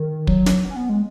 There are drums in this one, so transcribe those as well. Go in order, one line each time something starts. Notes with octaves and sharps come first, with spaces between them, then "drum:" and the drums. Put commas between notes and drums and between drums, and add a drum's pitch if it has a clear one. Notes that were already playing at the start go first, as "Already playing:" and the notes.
Already playing: D#3
F#3, drum: kick
drum: snare
B3
C#4
B3
G#3